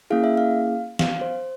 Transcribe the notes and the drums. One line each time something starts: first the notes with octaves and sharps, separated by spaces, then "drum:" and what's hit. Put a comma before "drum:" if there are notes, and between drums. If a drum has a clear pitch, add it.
A#3 C#4 E4 G#4 F5
E5
F5
F5, drum: snare
C5